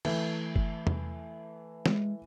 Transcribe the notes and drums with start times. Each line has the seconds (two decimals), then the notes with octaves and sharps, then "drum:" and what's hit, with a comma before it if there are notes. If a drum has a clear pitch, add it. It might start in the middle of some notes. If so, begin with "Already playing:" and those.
0.05 E3 A3, drum: cymbal
0.56 drum: kick F#1
0.87 drum: tom E2
1.86 G#3, drum: snare